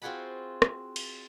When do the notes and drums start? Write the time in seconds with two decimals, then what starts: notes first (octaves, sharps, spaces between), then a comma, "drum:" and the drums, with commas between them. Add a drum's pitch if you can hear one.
0.02 C4 F4 F#4 G#4 F#5 B5
0.62 drum: rim click
0.96 drum: cymbal